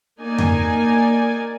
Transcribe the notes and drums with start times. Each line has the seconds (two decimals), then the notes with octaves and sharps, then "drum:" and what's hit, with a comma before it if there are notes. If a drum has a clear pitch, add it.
0.20 A#3 D#4 D5 G#5
0.38 drum: tom F2